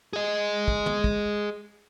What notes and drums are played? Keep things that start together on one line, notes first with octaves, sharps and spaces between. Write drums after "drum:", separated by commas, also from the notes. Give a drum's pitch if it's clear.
G#4 D#5
drum: kick
drum: tom
drum: kick